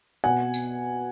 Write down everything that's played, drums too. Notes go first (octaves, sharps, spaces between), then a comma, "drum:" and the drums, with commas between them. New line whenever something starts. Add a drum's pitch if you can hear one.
B2 F#5 G#5
drum: tambourine